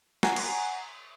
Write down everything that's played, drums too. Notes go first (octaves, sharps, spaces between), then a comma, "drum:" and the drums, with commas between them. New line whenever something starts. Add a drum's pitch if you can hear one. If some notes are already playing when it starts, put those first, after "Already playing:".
F#5 G#5 A#5 C7, drum: snare
drum: cymbal